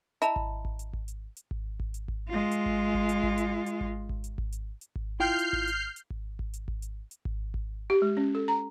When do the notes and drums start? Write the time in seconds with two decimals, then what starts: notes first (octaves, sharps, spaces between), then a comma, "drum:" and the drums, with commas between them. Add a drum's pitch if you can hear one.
0.22 E4 D#5 A5 A#5, drum: hi-hat
0.36 drum: kick G#1
0.65 drum: kick G#1
0.79 drum: hi-hat
0.93 drum: kick G#1
1.08 drum: hi-hat
1.37 drum: hi-hat
1.51 drum: kick G#1
1.80 drum: kick G#1
1.94 drum: hi-hat
2.08 drum: kick G#1
2.29 G#3 F4
2.51 drum: hi-hat
2.66 drum: kick G#1
2.94 drum: kick G#1
3.09 drum: hi-hat
3.23 drum: kick G#1
3.38 drum: hi-hat
3.66 drum: hi-hat
3.81 drum: kick G#1
4.09 drum: kick G#1
4.24 drum: hi-hat
4.38 drum: kick G#1
4.52 drum: hi-hat
4.81 drum: hi-hat
4.96 drum: kick G#1
5.20 E4 F4 G5 F6 G6 C7
5.39 drum: hi-hat
5.53 drum: kick G#1
5.67 drum: hi-hat
5.96 drum: hi-hat
6.10 drum: kick G#1
6.39 drum: kick G#1
6.54 drum: hi-hat
6.68 drum: kick G#1
6.82 drum: hi-hat
7.11 drum: hi-hat
7.25 drum: kick G#1
7.54 drum: kick G#1
7.90 G4
8.02 G#3
8.17 C#4
8.35 A4
8.48 A#5